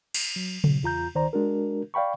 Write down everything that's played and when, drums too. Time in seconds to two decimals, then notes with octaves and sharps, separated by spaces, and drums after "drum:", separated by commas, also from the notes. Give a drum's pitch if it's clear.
0.14 drum: cymbal
0.36 F#3
0.64 B2 F#3, drum: tom C#3
0.83 E2 F4 A#5 G6
1.15 C#2 D#3 C5 D5 A#5
1.33 G#3 D4 F#4 A#4
1.94 D5 F5 G5 B5 C#6